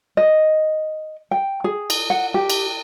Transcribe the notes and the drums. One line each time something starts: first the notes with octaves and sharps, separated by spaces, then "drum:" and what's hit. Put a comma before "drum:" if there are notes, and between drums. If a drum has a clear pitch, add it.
D#5
G5
G#4
drum: cymbal
F#5
G4
drum: cymbal